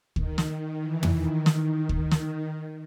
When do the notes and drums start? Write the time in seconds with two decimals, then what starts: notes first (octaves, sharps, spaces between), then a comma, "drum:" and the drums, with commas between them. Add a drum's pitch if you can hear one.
0.16 D#3, drum: kick D2
0.38 drum: snare
0.81 E3
1.03 drum: tom
1.13 D#3
1.46 drum: snare
1.89 drum: kick D2
2.11 D#3, drum: snare